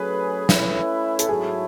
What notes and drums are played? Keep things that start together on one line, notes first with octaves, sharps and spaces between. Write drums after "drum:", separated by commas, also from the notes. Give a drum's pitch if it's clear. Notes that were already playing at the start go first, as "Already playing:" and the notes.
Already playing: F#3 A3 C#4 G#4 B4
A3 C#4 E4, drum: snare
A4, drum: hi-hat
G#2 F#3 A3 E4 G#4